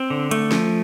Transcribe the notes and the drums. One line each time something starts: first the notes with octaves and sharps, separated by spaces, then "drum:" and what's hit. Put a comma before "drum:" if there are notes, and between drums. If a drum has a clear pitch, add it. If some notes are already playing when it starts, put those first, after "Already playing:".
Already playing: C4
D3
A3, drum: hi-hat
F3, drum: snare